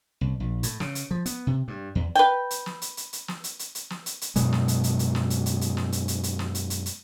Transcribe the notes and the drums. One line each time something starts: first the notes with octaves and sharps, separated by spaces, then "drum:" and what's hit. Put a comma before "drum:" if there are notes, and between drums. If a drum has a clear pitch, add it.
C2
A#1
A2, drum: hi-hat
C#3, drum: snare
drum: hi-hat
F3
B3, drum: hi-hat
C3
G2
E2
B4 G5
drum: hi-hat
drum: snare
drum: hi-hat
drum: hi-hat
drum: hi-hat
drum: snare
drum: hi-hat
drum: hi-hat
drum: hi-hat
drum: snare
drum: hi-hat
drum: hi-hat
F#2 B2 G#3, drum: hi-hat
drum: snare
drum: hi-hat
drum: hi-hat
drum: hi-hat
drum: snare
drum: hi-hat
drum: hi-hat
drum: hi-hat
drum: snare
drum: hi-hat
drum: hi-hat
drum: hi-hat
drum: snare
drum: hi-hat
drum: hi-hat
drum: hi-hat